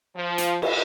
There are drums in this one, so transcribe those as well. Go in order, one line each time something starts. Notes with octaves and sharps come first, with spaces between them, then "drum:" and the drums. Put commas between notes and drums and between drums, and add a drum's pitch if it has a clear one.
F3
drum: hi-hat
drum: cymbal